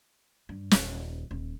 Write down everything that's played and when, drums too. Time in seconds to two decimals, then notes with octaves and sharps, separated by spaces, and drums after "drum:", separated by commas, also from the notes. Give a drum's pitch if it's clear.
0.49 G2
0.71 D#1, drum: snare
1.31 D#1